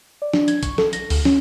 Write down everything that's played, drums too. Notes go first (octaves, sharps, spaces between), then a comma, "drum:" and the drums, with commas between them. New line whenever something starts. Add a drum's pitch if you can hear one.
D5
D4, drum: snare
G#6, drum: hi-hat
C#6, drum: kick, hi-hat
A4, drum: snare
A#6, drum: hi-hat
D2, drum: open hi-hat
C#4, drum: snare